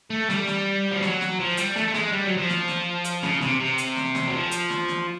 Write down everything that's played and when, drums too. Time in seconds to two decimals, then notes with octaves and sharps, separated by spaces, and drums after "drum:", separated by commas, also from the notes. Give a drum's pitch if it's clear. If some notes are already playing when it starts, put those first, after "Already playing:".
0.10 A3
0.30 G3, drum: snare
0.47 drum: snare
0.91 F3
1.02 F#3, drum: snare
1.21 drum: snare
1.40 F3
1.57 G3, drum: hi-hat
1.76 A3, drum: snare
1.88 A3
1.94 G#3, drum: snare
2.12 G3
2.25 F#3
2.37 F3
2.49 drum: snare
2.68 drum: snare
3.05 drum: hi-hat
3.23 C#3, drum: snare
3.41 C3, drum: snare
3.60 C3
3.78 drum: hi-hat
3.96 drum: snare
4.15 drum: snare
4.28 F#3
4.33 F3
4.52 drum: hi-hat
4.70 drum: snare
4.88 drum: snare